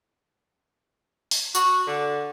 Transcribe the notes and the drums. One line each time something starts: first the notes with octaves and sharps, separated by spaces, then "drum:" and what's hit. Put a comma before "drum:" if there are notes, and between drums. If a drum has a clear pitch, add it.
drum: open hi-hat
F#4, drum: tambourine
D3